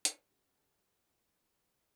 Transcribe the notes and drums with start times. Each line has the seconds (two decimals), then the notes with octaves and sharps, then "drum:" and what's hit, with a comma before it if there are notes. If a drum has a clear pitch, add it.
0.05 F#2 G4, drum: hi-hat
0.30 C#3 F#4 G#4
0.56 F#2 G4 A4
0.81 F3